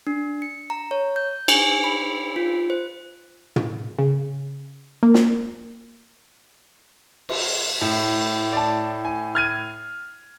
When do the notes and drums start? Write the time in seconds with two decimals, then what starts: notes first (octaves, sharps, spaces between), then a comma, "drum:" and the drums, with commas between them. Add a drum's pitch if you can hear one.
0.07 D4
0.42 C#7
0.70 A#5
0.91 C#5
1.16 G6
1.48 G#5, drum: cymbal
1.84 B5
2.36 F4
2.70 C5
3.56 drum: tom
3.99 C#3
5.03 A#3
5.14 drum: snare
7.29 drum: cymbal
7.81 A2
8.53 D5 A5
9.05 G#5
9.35 F6 G#6 D#7